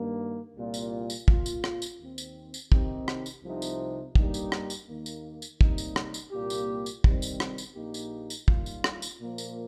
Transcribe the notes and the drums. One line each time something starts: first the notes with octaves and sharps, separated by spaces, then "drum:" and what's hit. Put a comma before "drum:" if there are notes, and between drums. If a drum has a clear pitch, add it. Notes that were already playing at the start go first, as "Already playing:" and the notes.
Already playing: G2 D#3 A#3
C2 A#2 G3 A#3 F4
drum: tambourine
drum: tambourine
A#2 A#3 F4, drum: kick
drum: tambourine
drum: rim click
drum: tambourine
D#2 D#3 C4
drum: tambourine
drum: tambourine
C3 D#3 C4 D#4 G4, drum: kick
drum: rim click
drum: tambourine
C2 C3 F3 C4 D#4
drum: tambourine
G2 G3 A#3 D#4 G4, drum: kick
drum: tambourine
drum: rim click
drum: tambourine
D#2 D#3 A#3
drum: tambourine
drum: tambourine
C3 G3 A#3 D#4, drum: kick
drum: tambourine
drum: rim click
drum: tambourine
C2 A#2 A#3 G4
drum: tambourine
drum: tambourine
C3 D#3 G3 C4, drum: kick
drum: tambourine
drum: rim click
drum: tambourine
A#1 A#2 A#3 D#4 G4
drum: tambourine
drum: tambourine
D#2 D#3 G3 A#3 F4, drum: kick
drum: tambourine
drum: rim click
drum: tambourine
A#2 F3 A#3
drum: tambourine